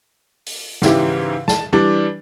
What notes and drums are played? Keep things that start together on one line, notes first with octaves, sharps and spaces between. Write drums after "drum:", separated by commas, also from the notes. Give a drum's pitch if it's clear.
drum: open hi-hat
G#2 C#3 E3 E4 G4, drum: snare
A5, drum: snare
E3 G3 D4